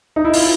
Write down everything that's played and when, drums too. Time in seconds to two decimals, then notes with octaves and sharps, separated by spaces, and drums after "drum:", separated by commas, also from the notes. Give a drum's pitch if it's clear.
0.16 D#4
0.25 E4
0.33 F4, drum: open hi-hat